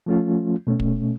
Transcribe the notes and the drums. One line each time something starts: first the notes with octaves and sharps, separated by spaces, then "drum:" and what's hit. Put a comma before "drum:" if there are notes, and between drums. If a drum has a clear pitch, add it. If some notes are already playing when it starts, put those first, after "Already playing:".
F3 A3 C#4 F4
B2 A3 C#4
drum: kick